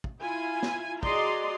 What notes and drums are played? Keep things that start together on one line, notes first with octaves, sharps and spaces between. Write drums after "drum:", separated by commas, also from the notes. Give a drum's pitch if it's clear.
drum: kick
E4 F4 G#5
drum: snare
F#4 G#4 D5 D#5 A#5 C6, drum: kick